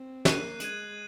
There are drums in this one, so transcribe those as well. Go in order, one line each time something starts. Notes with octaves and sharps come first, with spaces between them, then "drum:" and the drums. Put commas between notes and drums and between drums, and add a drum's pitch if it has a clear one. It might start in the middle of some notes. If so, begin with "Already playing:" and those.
Already playing: C4
A#3 F#6 C7 D#7, drum: snare
G#3 G#6 D#7 F#7, drum: hi-hat